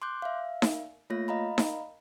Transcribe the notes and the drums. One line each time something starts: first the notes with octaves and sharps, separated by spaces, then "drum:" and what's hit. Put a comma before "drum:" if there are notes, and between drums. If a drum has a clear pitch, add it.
C6 D6 F#6 G6
E5 F5
drum: snare D#4
A3 A#3 F4 C#5 A#6
D#5 F5 A#5 B5
drum: snare D#4